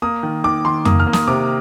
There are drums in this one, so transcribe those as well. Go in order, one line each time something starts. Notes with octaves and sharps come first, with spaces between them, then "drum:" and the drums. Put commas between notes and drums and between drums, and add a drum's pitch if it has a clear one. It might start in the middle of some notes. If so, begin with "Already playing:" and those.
A#3 D#6
D#3
D#3 D6
D#3 C6
A#3 D#6, drum: tom F2
F6
A#3
D#6, drum: snare
C3 D6